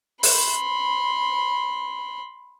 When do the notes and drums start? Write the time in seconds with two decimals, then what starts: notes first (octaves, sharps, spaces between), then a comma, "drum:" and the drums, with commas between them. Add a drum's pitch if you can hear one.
0.23 B5 C6, drum: open hi-hat